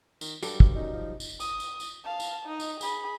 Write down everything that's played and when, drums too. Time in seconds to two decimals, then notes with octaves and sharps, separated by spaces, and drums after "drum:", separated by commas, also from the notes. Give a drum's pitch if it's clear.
0.21 D#3, drum: tambourine
0.43 G2 F#3 G3 A4, drum: tambourine
0.60 drum: kick
0.76 F#2 D#4
0.93 F3
1.20 drum: tambourine
1.40 D#6, drum: tambourine
1.60 drum: tambourine
1.80 drum: tambourine
2.04 F5 A5
2.20 drum: tambourine
2.46 D#4 D#5
2.60 drum: tambourine
2.81 G#4 B5, drum: tambourine